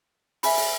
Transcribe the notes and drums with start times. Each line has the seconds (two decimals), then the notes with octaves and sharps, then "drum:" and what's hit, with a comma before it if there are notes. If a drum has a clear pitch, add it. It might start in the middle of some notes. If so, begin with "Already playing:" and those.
0.43 E5 G#5 B5, drum: open hi-hat
0.57 drum: open hi-hat